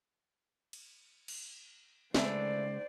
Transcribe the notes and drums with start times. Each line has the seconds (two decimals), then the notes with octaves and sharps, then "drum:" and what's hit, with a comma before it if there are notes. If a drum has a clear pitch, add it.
0.73 drum: cymbal
1.28 drum: cymbal
2.14 C#3 E3 G#3 A3 D4 C5 D5, drum: snare